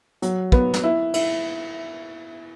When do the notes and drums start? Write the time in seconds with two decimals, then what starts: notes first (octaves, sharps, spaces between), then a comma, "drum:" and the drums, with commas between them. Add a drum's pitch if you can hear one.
0.22 F#3, drum: hi-hat
0.52 B3, drum: kick
0.74 drum: snare
0.84 E4
1.14 E4, drum: cymbal